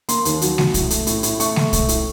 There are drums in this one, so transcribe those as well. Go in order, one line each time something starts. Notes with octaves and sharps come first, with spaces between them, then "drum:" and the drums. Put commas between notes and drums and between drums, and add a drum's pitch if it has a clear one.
A#3 C6, drum: hi-hat
D#2, drum: hi-hat
F#3, drum: hi-hat
F#3, drum: snare G#3
A2, drum: kick, hi-hat
A3, drum: hi-hat
A2, drum: hi-hat
A2, drum: hi-hat
A3 C#6, drum: hi-hat
A3, drum: snare G#3
A3, drum: kick, hi-hat
A2, drum: hi-hat